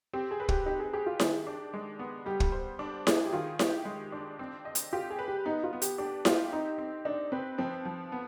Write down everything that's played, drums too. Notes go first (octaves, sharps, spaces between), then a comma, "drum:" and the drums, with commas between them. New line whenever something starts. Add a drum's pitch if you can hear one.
C4 G4
G#4
B4
G4, drum: kick
D#4 G4
G#4
G4 G#4
F4
D#3 G#4, drum: snare E4
D4
G#3
B3
G3 G4
drum: kick
C5
D4
G#4, drum: snare E4
G4
D#3 F4
G4, drum: snare E4
G#3
D4
C4
D#5
drum: hi-hat
F4 G4
G#4
B4
G4
B3 D#4
F4
B3
G4, drum: hi-hat
D4 G4
F4 G4, drum: snare E4
C4 D#4
C4
D4 D#4
C4 B4
F3 C4
F3
B3